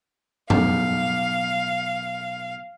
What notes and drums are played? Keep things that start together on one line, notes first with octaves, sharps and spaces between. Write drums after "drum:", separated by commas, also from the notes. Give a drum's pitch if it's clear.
B1 F5, drum: tom